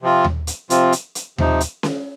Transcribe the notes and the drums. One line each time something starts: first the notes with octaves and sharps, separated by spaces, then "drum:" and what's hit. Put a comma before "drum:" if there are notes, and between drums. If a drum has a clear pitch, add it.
C3 F3 C4 F4
drum: tom D#2
drum: hi-hat
C3 F3 C4 F4, drum: hi-hat
drum: hi-hat
drum: hi-hat
C3 F3 D#4, drum: tom D#2
drum: hi-hat
drum: snare C#4